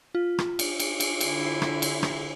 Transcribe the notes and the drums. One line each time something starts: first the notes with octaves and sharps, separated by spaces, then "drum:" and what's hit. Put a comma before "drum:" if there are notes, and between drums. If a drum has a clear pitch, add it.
F4
drum: rim click
drum: cymbal
drum: cymbal
drum: cymbal
D3 E4, drum: cymbal
drum: rim click
drum: cymbal
drum: rim click